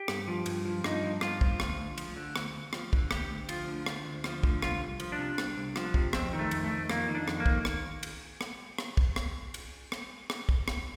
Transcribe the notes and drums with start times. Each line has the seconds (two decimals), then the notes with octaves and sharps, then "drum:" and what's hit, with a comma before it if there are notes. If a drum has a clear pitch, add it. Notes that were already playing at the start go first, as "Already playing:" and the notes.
Already playing: G4
0.08 G2, drum: rim click
0.28 F3
0.46 G2, drum: cymbal
0.65 F3
0.84 G2 D#4, drum: rim click
1.03 F3
1.21 G2 F4, drum: rim click
1.41 F3, drum: kick
1.60 D2, drum: rim click
1.79 D2
1.98 F3, drum: cymbal
2.16 D3
2.36 D2, drum: rim click
2.54 D2
2.73 F3, drum: rim click
2.93 D3, drum: kick
3.11 D2 G4, drum: rim click
3.30 D2
3.49 F3 F4, drum: cymbal
3.68 D3
3.86 D2, drum: rim click
4.05 D2
4.24 F3, drum: rim click
4.43 D3, drum: kick
4.62 C2 F4, drum: rim click
4.81 C2
5.00 F3, drum: cymbal
5.12 D4
5.19 C3
5.38 C2, drum: rim click
5.58 C2
5.76 F3, drum: rim click
5.94 C3, drum: kick
6.13 F2 C4, drum: rim click
6.33 D#3
6.39 A3
6.51 F2, drum: cymbal
6.64 A3
6.71 D#3
6.90 F2 A#3, drum: rim click
7.08 D#3
7.15 D4
7.28 F2, drum: rim click
7.40 A#3
7.46 D#3, drum: kick
7.65 drum: rim click
8.03 drum: cymbal
8.41 drum: rim click
8.78 drum: rim click
8.97 drum: kick
9.16 drum: rim click
9.54 drum: cymbal
9.92 drum: rim click
10.30 drum: rim click
10.49 drum: kick
10.68 drum: rim click